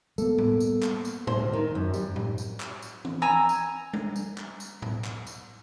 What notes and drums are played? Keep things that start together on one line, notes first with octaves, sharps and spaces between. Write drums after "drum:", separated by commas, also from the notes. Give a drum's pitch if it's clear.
G3 A#3 B3 A4, drum: tambourine
drum: tom A2
drum: tambourine
drum: clap
drum: tambourine
C5, drum: tom A2
D2
D#3
F#2
G3, drum: tambourine
drum: tom A2
drum: tambourine
drum: clap
drum: tambourine
drum: tom E3
G#5 A#5 E6
drum: tambourine
drum: tom G3
drum: tambourine
drum: clap
drum: tambourine
drum: tom A2
drum: clap
drum: tambourine